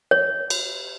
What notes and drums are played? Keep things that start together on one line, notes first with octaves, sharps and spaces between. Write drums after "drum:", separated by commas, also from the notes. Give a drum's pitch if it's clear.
C#5
drum: cymbal